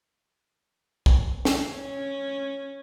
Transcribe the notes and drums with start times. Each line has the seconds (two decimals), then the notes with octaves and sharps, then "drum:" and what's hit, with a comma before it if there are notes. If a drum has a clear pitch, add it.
1.06 drum: kick
1.45 drum: snare
1.68 C#4